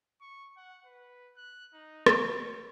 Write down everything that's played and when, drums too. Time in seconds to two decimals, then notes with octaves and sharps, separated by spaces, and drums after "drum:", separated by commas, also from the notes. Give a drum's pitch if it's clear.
0.21 C#6
0.57 F#5
0.86 B4
1.37 F#6
1.73 D#4
2.06 F4, drum: rim click
2.38 C#5